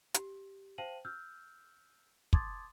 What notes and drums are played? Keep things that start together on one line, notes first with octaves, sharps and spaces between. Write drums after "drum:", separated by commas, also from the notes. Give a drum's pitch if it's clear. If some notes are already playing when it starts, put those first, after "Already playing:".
G4, drum: hi-hat
C5 F5 G5 A5 D#7 F#7
E6 F6 G6
A5 C6 D6 D#6 G#6 A6, drum: kick